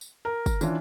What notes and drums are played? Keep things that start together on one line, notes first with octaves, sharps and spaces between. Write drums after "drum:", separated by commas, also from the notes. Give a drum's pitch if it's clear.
drum: tambourine
A#4
drum: kick, tambourine
E3 C#4 D4 F4, drum: tambourine